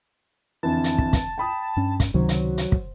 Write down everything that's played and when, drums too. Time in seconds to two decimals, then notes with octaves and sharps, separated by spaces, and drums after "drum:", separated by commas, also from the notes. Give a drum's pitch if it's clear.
0.63 F2 D3 E3 A5
0.84 drum: hi-hat
0.98 drum: kick
1.13 drum: kick, hi-hat
1.38 G5 B5 D#6
1.77 G2 C#4
2.00 drum: kick, hi-hat
2.14 C#2 C3 D#3 F#3 C5
2.29 drum: hi-hat
2.58 drum: hi-hat
2.72 drum: kick